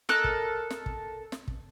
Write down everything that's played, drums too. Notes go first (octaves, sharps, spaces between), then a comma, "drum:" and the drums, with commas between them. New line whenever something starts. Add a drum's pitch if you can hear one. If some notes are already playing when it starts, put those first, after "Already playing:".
A4 A#4 D#5 F#6, drum: snare
drum: kick
drum: snare
drum: kick
drum: snare
drum: kick